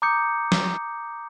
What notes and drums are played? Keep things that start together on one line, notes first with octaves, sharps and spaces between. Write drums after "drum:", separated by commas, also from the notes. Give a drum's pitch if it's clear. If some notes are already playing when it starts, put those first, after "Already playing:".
A#5 D6 D#6 G6 C#7
drum: snare